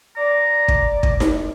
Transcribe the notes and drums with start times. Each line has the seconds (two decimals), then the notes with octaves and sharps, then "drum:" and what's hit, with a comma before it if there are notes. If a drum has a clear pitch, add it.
0.16 D5 A#5
0.68 drum: kick
1.03 drum: kick
1.20 drum: snare D#4